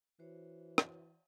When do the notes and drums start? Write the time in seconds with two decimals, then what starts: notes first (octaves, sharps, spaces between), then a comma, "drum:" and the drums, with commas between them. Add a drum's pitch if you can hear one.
0.19 E3 F#4 C5 C#5
0.78 drum: rim click